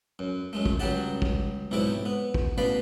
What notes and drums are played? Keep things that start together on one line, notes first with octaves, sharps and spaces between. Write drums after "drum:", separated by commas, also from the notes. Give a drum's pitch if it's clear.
F#2
F#2 G#3 A3
drum: kick
C#2 F#3 G3 G4 F#5 A5
drum: kick
B1 G#2 C3 E4 C#5 D6
B3
drum: kick
A1 B2 B3 D5 F5 B5